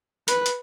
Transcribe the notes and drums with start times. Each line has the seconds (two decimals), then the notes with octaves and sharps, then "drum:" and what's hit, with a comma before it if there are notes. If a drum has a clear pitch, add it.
0.28 B4, drum: hi-hat
0.46 drum: hi-hat